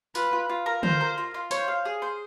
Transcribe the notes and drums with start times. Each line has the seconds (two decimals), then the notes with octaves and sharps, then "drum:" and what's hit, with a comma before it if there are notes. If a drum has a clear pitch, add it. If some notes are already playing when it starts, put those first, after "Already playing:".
0.15 F4 B4, drum: hi-hat
0.33 F4
0.49 F4
0.66 A#4
0.83 F4 C5, drum: tom D3
1.01 A#4
1.18 F4
1.34 F4
1.51 C5 C#5, drum: hi-hat
1.68 F5
1.85 G#4
2.02 C5